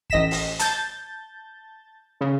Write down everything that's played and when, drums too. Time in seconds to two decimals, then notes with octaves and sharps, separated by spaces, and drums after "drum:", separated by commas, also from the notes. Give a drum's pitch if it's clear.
0.10 A1 D#5 A#6 B6 E7, drum: kick
0.31 drum: open hi-hat
0.59 A5 G6 A6, drum: hi-hat
2.21 C#3